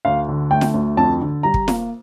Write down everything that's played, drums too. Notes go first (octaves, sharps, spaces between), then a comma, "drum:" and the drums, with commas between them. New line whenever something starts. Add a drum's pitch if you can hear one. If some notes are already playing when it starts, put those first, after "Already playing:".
D2 F5
D3
A3 G5
drum: snare
D2
F2 A5
D3
G3 A#5
drum: kick
A#3, drum: snare